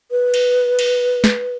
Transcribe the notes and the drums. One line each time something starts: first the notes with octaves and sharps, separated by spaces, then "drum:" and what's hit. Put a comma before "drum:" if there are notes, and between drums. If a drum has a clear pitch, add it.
B4
drum: cymbal
drum: cymbal
drum: snare